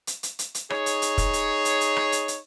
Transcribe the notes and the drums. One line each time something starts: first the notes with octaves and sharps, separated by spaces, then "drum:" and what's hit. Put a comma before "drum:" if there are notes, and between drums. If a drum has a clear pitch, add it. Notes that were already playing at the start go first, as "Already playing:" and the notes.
drum: hi-hat
drum: hi-hat
drum: hi-hat
drum: hi-hat
D#4 G#4 C#5, drum: rim click
drum: hi-hat
drum: hi-hat
drum: kick, hi-hat
drum: hi-hat
drum: hi-hat
drum: hi-hat
drum: rim click
drum: hi-hat
drum: hi-hat